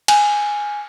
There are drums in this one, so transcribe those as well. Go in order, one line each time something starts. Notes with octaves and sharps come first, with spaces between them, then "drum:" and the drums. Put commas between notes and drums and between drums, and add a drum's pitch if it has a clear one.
G#5, drum: cymbal